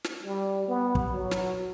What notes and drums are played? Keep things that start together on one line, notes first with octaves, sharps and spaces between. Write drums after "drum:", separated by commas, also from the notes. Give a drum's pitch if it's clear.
drum: snare
G3
B3
drum: kick
F#3
drum: snare